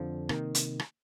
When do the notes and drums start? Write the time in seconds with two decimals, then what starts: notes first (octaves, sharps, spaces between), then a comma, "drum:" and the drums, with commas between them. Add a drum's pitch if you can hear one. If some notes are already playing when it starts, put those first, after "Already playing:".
Already playing: F2 D3 F3
0.29 C3 D#3 A#3, drum: rim click
0.55 drum: hi-hat
0.80 drum: rim click